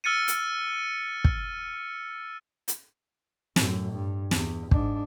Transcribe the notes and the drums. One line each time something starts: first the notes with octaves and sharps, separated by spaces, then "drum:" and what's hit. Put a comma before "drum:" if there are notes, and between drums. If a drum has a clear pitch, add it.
E6 F6 A6 C#7 D#7
drum: hi-hat
drum: kick
drum: hi-hat
F#2 A2, drum: snare
G2
E2, drum: snare
G#2 D4, drum: kick